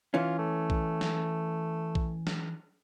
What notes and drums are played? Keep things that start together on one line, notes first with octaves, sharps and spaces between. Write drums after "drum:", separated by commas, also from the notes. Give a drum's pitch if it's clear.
E3 C#4 F4
A3
drum: kick A#1
drum: snare
drum: kick A#1
drum: snare